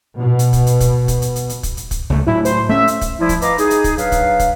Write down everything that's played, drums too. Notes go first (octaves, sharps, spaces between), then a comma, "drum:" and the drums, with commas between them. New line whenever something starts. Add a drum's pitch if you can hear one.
B2
drum: hi-hat
drum: kick, hi-hat
drum: hi-hat
drum: kick, hi-hat
drum: kick, hi-hat
drum: hi-hat
drum: hi-hat
drum: hi-hat
drum: kick, hi-hat
drum: hi-hat
drum: kick, hi-hat
C#2 A3
A2 F#3 E4
C5, drum: hi-hat
A3 C#4 E5
drum: hi-hat
drum: kick, hi-hat
F3 G3 E4
drum: kick, hi-hat
B4 D#5 F5 A#5 D6, drum: hi-hat
D#4 G#4, drum: hi-hat
drum: hi-hat
drum: kick, hi-hat
F#3 D4 B4 F5, drum: hi-hat
drum: kick, hi-hat
drum: kick, hi-hat